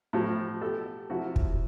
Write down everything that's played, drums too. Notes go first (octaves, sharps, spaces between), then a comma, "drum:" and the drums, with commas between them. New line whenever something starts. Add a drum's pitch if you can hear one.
A2 F3
B2 G4 A4
C3 F3 E4 F#4
drum: kick